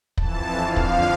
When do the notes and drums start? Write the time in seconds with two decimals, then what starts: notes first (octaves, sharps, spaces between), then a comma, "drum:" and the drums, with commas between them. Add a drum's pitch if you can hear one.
0.17 F2 E3 A5, drum: kick
0.61 F2 D3 F3 F5
0.76 drum: kick